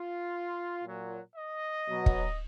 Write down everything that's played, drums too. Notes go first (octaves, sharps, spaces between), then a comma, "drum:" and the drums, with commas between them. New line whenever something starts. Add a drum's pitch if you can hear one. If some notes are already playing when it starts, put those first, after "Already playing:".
Already playing: F4
A#2 F#3
D#5
B2 F#3
drum: kick